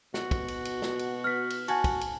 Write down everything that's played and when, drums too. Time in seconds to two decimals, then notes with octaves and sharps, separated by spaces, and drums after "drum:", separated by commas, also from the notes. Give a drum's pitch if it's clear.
0.14 B2 F#4, drum: snare
0.31 drum: kick, cymbal
0.48 drum: cymbal
0.65 drum: cymbal
0.82 drum: snare
0.99 drum: cymbal
1.24 B3 F6 B6
1.50 drum: cymbal
1.68 F#4 F#5 G#5 A5, drum: cymbal
1.84 drum: kick, cymbal
2.01 drum: cymbal